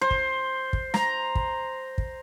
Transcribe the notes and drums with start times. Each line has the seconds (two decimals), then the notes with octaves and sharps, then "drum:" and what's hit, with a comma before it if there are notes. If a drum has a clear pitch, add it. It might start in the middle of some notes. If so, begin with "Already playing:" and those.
0.01 C5
0.11 drum: kick
0.73 drum: kick
0.94 A#5, drum: snare
1.35 drum: kick
1.98 drum: kick